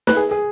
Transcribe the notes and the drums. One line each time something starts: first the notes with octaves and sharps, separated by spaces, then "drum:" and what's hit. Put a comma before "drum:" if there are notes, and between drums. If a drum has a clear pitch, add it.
B4, drum: snare
G#4
G#4